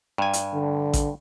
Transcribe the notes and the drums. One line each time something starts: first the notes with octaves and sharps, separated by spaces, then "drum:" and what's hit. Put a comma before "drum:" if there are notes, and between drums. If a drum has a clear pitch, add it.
G2 G#5
drum: hi-hat
D3
drum: kick A1, hi-hat